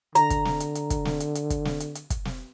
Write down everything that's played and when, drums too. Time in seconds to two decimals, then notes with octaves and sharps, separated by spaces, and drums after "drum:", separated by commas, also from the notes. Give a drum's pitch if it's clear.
0.15 D3 A#5, drum: hi-hat
0.30 drum: kick, hi-hat
0.45 drum: snare
0.60 drum: hi-hat
0.75 drum: hi-hat
0.90 drum: kick, hi-hat
1.05 drum: snare
1.20 drum: hi-hat
1.35 drum: hi-hat
1.50 drum: kick, hi-hat
1.65 drum: snare
1.80 drum: hi-hat
1.95 drum: hi-hat
2.10 drum: kick, hi-hat
2.25 drum: snare